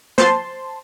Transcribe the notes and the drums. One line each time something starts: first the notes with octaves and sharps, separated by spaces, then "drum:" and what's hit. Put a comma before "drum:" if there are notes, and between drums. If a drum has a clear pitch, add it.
C5 A5 C6, drum: snare